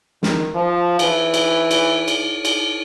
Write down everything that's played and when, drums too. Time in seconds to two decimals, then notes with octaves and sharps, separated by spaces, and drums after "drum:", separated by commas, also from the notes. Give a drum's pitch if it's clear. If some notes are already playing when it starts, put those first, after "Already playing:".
0.23 D#3, drum: snare
0.55 F3
0.99 E3, drum: cymbal
1.34 drum: cymbal
1.71 drum: cymbal
2.08 drum: cymbal
2.45 drum: cymbal